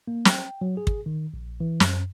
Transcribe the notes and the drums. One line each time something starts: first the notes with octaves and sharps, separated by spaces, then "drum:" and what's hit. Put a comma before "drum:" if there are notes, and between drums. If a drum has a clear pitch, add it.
A#3
G5, drum: snare
F#3
G#4
drum: kick
D#3
A#1
E3
F#2, drum: snare